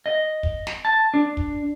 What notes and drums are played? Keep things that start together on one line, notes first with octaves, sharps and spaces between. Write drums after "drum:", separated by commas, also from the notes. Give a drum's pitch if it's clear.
D#5
drum: kick
drum: snare
A5
D4
drum: kick